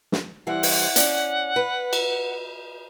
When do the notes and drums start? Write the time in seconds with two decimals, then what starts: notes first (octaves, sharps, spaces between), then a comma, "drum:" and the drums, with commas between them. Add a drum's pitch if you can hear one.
0.12 drum: snare
0.47 E3 G3 C5 F#5
0.63 drum: open hi-hat
0.96 C#4 D5, drum: hi-hat
1.56 B4
1.93 drum: cymbal